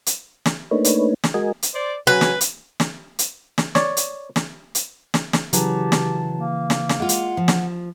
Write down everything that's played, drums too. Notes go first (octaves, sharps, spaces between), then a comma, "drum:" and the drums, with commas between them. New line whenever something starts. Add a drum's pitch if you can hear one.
drum: hi-hat
drum: snare
A3 A#3 D4 D#4 B4 C#5
drum: hi-hat
drum: snare
G#3 F#4 A#4 D#5 G#5
drum: hi-hat
C5 D5
C#3 F#3 B4 G#5
drum: snare
drum: hi-hat
drum: snare
drum: hi-hat
drum: snare
C#5 D5, drum: snare
drum: hi-hat
drum: snare
drum: hi-hat
drum: snare
drum: snare
C#3 E3 F#3 G4 A5, drum: hi-hat
drum: snare
A#3
drum: snare
drum: snare
G#3 F4 F#5
drum: hi-hat
F3
drum: snare